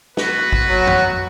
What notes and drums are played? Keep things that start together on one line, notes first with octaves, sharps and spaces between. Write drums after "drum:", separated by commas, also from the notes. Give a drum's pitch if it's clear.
B3 F#4 B4, drum: snare
drum: kick A1
F#3
drum: tom F2